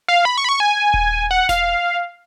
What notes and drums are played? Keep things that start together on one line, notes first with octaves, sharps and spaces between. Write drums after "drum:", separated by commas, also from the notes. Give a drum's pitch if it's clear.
F5
B5
C#6
B5
C#6
G#5
drum: kick D#1
F#5
F5, drum: snare E1